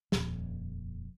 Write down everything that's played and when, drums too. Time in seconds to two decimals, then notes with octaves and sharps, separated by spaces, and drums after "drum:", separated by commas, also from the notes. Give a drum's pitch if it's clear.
0.12 D#1 F2, drum: snare